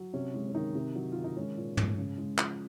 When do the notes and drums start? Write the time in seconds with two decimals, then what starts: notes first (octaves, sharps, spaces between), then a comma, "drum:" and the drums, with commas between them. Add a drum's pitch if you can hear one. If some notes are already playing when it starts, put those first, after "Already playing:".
Already playing: F#3
0.14 C3 C#4
0.34 G#3
0.49 C#4
0.54 D#3 D#4
0.75 C3
0.95 F#3
1.12 D#3 F4
1.24 D#4
1.36 G#3 C#4
1.57 A#2
1.77 G#3, drum: tom
1.98 C#3
2.18 G#3
2.38 F3, drum: clap